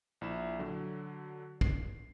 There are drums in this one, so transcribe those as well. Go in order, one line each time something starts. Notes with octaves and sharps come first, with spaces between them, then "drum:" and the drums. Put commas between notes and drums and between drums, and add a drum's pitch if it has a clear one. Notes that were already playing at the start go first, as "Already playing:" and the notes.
A#1 E4 E7
D3 F#3
C7, drum: kick